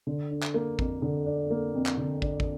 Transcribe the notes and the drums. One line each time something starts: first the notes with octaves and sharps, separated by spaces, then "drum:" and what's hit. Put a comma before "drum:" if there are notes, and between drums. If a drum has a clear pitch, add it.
D3
D4
drum: clap
A#3
F2, drum: kick
D3
D4
A#3
F2
drum: clap
D3
D4, drum: kick
drum: kick